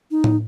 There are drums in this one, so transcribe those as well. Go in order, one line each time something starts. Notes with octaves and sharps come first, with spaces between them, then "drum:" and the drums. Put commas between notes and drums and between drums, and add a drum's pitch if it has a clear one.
D#4
drum: tom A2